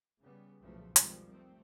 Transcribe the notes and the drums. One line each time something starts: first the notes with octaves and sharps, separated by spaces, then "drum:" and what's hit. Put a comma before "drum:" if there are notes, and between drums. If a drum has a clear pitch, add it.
C#3 G3 B3
B1 E2 A#2 C#3 F3 A3
B2 D#3 F3 G3 G#3 C4, drum: hi-hat
C3 A3 C4